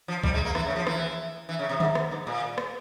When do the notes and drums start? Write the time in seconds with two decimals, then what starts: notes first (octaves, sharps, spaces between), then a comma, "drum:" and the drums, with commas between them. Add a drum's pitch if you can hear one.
0.08 F3
0.24 G3, drum: kick
0.34 G#3
0.45 A#3
0.55 E3, drum: rim click
0.66 C#3
0.76 F3
0.87 E3, drum: rim click
1.49 E3
1.59 C#3
1.69 C3
1.80 G#2, drum: tom D3
1.95 drum: rim click
2.11 G#2
2.27 A#2
2.58 drum: rim click